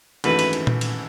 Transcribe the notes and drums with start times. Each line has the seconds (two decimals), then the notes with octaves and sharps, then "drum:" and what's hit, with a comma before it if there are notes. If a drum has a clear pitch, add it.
0.24 G#1 F#2 E3 A3 B4, drum: cymbal
0.39 drum: cymbal
0.53 drum: cymbal
0.67 drum: tom A#2
0.81 drum: cymbal